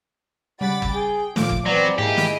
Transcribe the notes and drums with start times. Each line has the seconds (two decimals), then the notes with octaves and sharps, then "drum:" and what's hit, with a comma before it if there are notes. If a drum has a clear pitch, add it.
0.61 C#3 G3 F#5 B5 D6 A6
0.82 drum: kick
0.93 G#4 G5
1.36 A#2 F3 A3 F4 D6, drum: snare
1.50 drum: kick
1.66 E3 F#3 B3 C4 B4 D5
1.99 G#2 A#3 E4 G4 G#4 D#5 C7
2.17 drum: snare